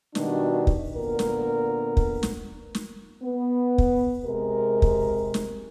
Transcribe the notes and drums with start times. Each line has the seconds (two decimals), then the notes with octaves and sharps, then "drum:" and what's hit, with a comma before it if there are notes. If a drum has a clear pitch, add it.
0.15 B2 D#3 G3 D4 F#4, drum: snare
0.67 drum: kick
0.96 A#2 D3 B3 A#4
1.19 drum: snare
1.97 drum: kick
2.23 drum: snare
2.75 drum: snare
3.24 B3
3.78 drum: kick
4.24 C3 G#3 A#4
4.82 drum: kick
5.34 drum: snare